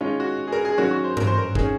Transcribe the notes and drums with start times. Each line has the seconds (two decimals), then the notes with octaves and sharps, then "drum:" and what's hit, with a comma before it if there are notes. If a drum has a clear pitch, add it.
0.01 D#3 G#3 C#4 F4
0.20 F#4
0.47 G#4
0.52 A#4
0.65 G#4
0.78 D#3 F#3 A#3 C#4 F#4
0.91 F#4
1.04 C5
1.17 A#4, drum: tom G2
1.27 C5
1.38 A#4
1.55 D#3 A#3 C#4 G#4, drum: kick